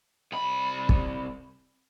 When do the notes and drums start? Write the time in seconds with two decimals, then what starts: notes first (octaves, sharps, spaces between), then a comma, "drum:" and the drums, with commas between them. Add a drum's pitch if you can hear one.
0.32 C2 B5
0.89 drum: kick